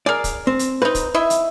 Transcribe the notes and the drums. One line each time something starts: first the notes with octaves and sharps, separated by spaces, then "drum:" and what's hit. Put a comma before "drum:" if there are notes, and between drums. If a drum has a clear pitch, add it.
G#4 A#4 D5
drum: kick, hi-hat
C4
drum: hi-hat
C4 D#4 B4
drum: kick, hi-hat
E4 D#5 E5
drum: hi-hat